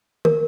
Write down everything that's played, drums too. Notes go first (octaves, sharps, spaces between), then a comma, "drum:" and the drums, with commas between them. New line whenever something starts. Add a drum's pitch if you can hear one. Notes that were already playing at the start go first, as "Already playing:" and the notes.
A#4, drum: tom